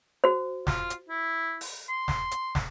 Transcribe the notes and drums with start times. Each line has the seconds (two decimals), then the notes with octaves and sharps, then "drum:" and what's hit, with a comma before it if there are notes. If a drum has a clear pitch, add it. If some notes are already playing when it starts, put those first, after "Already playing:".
0.24 F#4 C5
0.67 F4, drum: snare
0.90 drum: hi-hat
1.09 E4
1.61 drum: open hi-hat
1.89 C6
2.08 drum: snare
2.31 drum: hi-hat
2.55 drum: snare